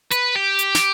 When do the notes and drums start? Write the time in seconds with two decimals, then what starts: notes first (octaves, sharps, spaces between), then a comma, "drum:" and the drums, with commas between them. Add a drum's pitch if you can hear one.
0.11 B4, drum: hi-hat
0.35 G4
0.59 drum: hi-hat
0.75 drum: snare